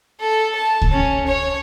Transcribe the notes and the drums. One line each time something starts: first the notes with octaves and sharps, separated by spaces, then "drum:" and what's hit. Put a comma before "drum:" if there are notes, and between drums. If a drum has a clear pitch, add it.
A4
A5
drum: kick C#2
C#4
C#5